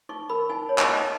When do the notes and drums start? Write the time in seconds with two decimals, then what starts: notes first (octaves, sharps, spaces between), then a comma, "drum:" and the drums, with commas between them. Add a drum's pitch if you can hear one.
0.09 D#4 C#6
0.29 A#4 B5
0.49 D#4 G#5
0.69 C#5
0.78 drum: clap
0.88 D#4 D#5